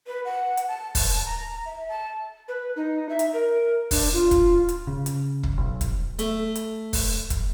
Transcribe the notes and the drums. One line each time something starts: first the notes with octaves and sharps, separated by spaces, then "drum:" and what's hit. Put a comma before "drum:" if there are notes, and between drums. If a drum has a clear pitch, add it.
B4
F#5
drum: hi-hat
A5
drum: kick, open hi-hat
A#5
E5
A5
B4
D#4
E5
drum: hi-hat
A#4
D4, drum: kick, open hi-hat
F4
drum: kick, hi-hat
drum: hi-hat
C#3
drum: hi-hat
drum: kick
B1
drum: kick, hi-hat
A3, drum: hi-hat
drum: hi-hat
drum: kick, open hi-hat
drum: kick, hi-hat